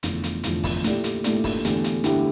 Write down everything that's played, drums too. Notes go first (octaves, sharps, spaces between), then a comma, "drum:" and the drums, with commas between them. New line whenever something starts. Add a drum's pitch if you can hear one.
F1 E2 D3 F3, drum: hi-hat
drum: hi-hat
F1 E2 D3 F3, drum: hi-hat
drum: kick, open hi-hat
A#2 A3 E4 G4 D5, drum: hi-hat
drum: hi-hat
A#2 A3 E4 G4 D5, drum: hi-hat
drum: kick, open hi-hat
E2 D3 A3 E4 G4, drum: hi-hat
drum: hi-hat
E2 D3 A3 E4 G4, drum: hi-hat